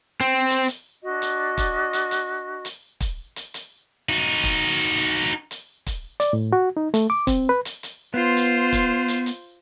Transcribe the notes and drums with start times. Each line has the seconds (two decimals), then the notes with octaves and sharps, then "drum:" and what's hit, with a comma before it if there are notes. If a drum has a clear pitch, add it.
0.21 C4
0.50 drum: hi-hat
0.68 drum: hi-hat
1.03 D4 F#4 D#5
1.22 drum: hi-hat
1.57 drum: kick, hi-hat
1.93 drum: hi-hat
2.11 drum: hi-hat
2.65 drum: hi-hat
3.00 drum: kick, hi-hat
3.36 drum: hi-hat
3.54 drum: hi-hat
4.09 D#4 F#4
4.43 drum: kick, hi-hat
4.79 drum: hi-hat
4.97 drum: hi-hat
5.51 drum: hi-hat
5.86 drum: kick, hi-hat
6.20 D5, drum: hi-hat
6.33 A2
6.53 F#4
6.77 D#4
6.94 A3, drum: hi-hat
7.10 D6
7.27 C4, drum: kick, hi-hat
7.49 B4
7.65 drum: hi-hat
7.83 drum: hi-hat
8.14 B3 F4 C5
8.37 drum: hi-hat
8.72 drum: kick, hi-hat
9.08 drum: hi-hat
9.26 drum: hi-hat